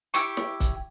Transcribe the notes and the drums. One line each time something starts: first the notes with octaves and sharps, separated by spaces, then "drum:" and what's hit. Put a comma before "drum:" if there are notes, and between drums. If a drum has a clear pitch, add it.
E4 G4 C#6, drum: hi-hat
drum: snare
drum: kick, hi-hat